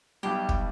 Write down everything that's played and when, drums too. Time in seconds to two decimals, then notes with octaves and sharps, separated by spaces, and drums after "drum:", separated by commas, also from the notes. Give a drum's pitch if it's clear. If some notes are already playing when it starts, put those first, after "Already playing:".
0.23 B1 B2 G3 G4
0.49 drum: kick